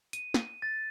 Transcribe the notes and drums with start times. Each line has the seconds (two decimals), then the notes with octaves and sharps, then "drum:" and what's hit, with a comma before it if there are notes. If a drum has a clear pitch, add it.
0.13 D#7, drum: hi-hat
0.34 drum: snare
0.62 A6